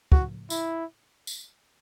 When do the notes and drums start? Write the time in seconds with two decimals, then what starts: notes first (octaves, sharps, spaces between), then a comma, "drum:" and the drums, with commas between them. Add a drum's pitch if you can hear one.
0.12 F#4, drum: kick
0.50 E4, drum: tambourine
1.27 drum: tambourine